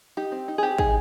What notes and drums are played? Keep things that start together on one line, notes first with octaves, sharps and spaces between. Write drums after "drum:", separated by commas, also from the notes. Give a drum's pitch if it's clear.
D#4 G4
C4
D#4
G#4
C4 G4
D#4 G#4, drum: kick